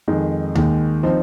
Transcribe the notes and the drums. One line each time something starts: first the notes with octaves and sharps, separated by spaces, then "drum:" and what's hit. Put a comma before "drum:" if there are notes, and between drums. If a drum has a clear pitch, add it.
F2 D#3 G#3 D#4
D#2 D#3 G#3, drum: tom D#2
F3 C4 D#4